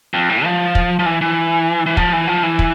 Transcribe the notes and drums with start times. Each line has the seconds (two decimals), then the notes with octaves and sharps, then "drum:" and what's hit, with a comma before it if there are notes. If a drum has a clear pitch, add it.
0.14 F2
0.29 A2
0.44 F3
0.75 drum: kick
0.99 F3
1.06 E3
1.21 E3
1.86 E3
1.97 F3, drum: kick
2.13 E3
2.28 F3
2.43 E3
2.59 drum: kick